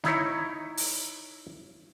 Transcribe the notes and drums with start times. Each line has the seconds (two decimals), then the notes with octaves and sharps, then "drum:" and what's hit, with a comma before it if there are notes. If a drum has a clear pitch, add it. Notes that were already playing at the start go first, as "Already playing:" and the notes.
0.04 D#4 E4 C#5, drum: snare
0.77 drum: open hi-hat